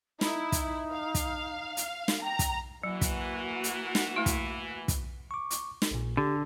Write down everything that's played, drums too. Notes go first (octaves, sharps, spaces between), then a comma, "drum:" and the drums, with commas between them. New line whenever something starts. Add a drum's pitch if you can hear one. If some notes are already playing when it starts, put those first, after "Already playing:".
D#4 E4, drum: snare
drum: kick, hi-hat
F5
drum: kick, hi-hat
drum: hi-hat
drum: snare
G5 A#5
drum: kick, hi-hat
E3 F#3 A#3 F#4 F#5
drum: kick, hi-hat
drum: hi-hat
drum: snare
A3 E4
drum: kick, hi-hat
drum: kick, hi-hat
C#6 D6
drum: hi-hat
drum: snare
A#1 A#2
D3 G4